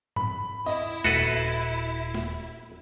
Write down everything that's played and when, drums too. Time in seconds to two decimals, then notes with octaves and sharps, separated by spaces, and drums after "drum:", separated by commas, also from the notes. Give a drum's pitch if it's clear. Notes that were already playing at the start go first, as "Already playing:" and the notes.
0.16 B5, drum: tom G#2
0.66 E4 D#5
1.04 D#1 F#4 A4 B4 C7, drum: snare
2.14 drum: snare